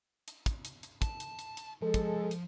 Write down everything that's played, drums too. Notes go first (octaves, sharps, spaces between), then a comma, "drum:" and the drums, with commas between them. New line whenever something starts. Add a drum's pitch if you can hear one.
drum: hi-hat
drum: kick, hi-hat
drum: hi-hat
drum: hi-hat
A5, drum: kick, hi-hat
drum: hi-hat
drum: hi-hat
drum: hi-hat
F3 G#3 A4
drum: kick, hi-hat
drum: hi-hat